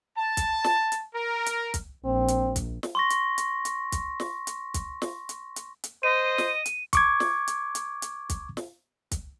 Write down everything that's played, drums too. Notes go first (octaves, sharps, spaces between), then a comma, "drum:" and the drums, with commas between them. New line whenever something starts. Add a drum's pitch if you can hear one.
A5
drum: kick, hi-hat
drum: snare
drum: hi-hat
A#4
drum: hi-hat
drum: kick, hi-hat
A#1 C4
drum: hi-hat
drum: kick, hi-hat
drum: snare
C6 C#6 A#6
drum: hi-hat
drum: hi-hat
drum: hi-hat
drum: kick, hi-hat
drum: snare
drum: hi-hat
drum: kick, hi-hat
drum: snare
drum: hi-hat
drum: hi-hat
drum: hi-hat
C5 D#5 D#7
drum: snare
drum: hi-hat
C#6 D6 G#6, drum: kick, hi-hat
drum: snare
drum: hi-hat
drum: hi-hat
drum: hi-hat
drum: kick, hi-hat
drum: snare
drum: kick, hi-hat